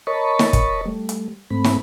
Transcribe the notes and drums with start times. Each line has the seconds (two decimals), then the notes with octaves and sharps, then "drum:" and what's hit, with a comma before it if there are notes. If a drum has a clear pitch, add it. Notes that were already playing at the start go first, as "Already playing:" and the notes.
0.07 A#4 C#5 D#5 A5 B5 C#6
0.39 drum: snare
0.53 drum: kick, hi-hat
0.86 G3 A3
1.09 drum: hi-hat
1.50 G#2 A3 C4 B5
1.64 drum: snare